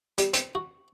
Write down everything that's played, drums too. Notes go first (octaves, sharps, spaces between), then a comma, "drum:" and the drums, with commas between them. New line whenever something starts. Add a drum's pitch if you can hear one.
G3, drum: hi-hat
C4, drum: hi-hat
F#4